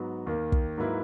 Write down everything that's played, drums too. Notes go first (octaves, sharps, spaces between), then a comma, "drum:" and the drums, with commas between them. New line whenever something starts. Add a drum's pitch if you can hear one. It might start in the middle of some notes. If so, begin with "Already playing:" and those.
Already playing: G#2 F#3 B3 F#4
D#2 D#3 A#3
drum: kick
G#2 F#3 A#3 E4 B4